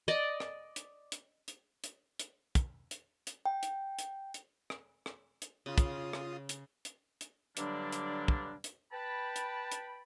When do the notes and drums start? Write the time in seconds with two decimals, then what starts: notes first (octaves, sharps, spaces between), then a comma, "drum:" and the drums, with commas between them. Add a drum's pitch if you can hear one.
0.08 D5 D#5
0.40 drum: rim click
0.76 drum: hi-hat
1.12 drum: hi-hat
1.48 drum: hi-hat
1.84 drum: hi-hat
2.19 drum: hi-hat
2.55 drum: kick, hi-hat
2.91 drum: hi-hat
3.27 drum: hi-hat
3.46 G5
3.63 drum: hi-hat
3.99 drum: hi-hat
4.34 drum: hi-hat
4.70 drum: rim click
5.06 drum: rim click
5.42 drum: hi-hat
5.66 C#3 F4 D#6
5.78 drum: kick, hi-hat
6.13 drum: rim click
6.49 drum: hi-hat
6.85 drum: hi-hat
7.21 drum: hi-hat
7.57 G2 D3 F#3 G3 A#3 D4, drum: hi-hat
7.92 drum: hi-hat
8.28 drum: kick
8.64 drum: hi-hat
8.92 B4 G5 A5 B5
9.36 drum: hi-hat
9.72 drum: hi-hat